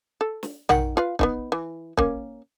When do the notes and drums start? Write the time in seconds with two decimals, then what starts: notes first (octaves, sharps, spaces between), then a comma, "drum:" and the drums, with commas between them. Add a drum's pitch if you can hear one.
0.21 A4
0.43 drum: snare
0.69 D#3 F#5 G5, drum: tom
0.97 F4 B4 F5
1.19 B3 D4 D#4, drum: kick
1.52 E3
1.97 A#3 C#4, drum: kick